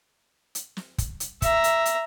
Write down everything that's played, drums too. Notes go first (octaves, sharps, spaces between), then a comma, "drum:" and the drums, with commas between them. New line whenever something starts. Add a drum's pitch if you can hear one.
drum: hi-hat
drum: snare
drum: kick, hi-hat
drum: hi-hat
E5 A#5, drum: kick, hi-hat
drum: hi-hat
drum: hi-hat